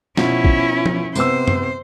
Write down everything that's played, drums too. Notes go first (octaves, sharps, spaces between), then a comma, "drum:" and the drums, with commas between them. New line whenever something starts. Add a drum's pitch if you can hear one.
B2 F3 C#4 E4, drum: snare
drum: kick A#1
drum: tom F3
C3 B3 C5 E6, drum: tambourine
drum: tom F#2